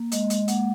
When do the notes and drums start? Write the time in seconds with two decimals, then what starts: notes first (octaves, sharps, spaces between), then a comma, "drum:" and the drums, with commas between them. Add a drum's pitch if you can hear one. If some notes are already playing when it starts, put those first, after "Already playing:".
Already playing: A#3
0.12 G#3 D#5, drum: hi-hat
0.30 G#3, drum: hi-hat
0.48 A#3 F#5, drum: hi-hat